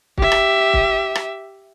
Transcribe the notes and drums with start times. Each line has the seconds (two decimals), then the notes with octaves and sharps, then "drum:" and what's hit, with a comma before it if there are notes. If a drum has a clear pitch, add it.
0.18 G4 E5, drum: kick
0.32 drum: rim click
0.74 drum: kick
1.15 drum: rim click